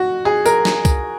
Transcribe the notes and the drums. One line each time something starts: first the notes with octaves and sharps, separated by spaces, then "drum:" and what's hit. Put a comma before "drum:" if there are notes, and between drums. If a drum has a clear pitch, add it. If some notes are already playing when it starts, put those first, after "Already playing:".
Already playing: F#4
G#4
A#4, drum: tambourine
drum: snare
drum: kick, tambourine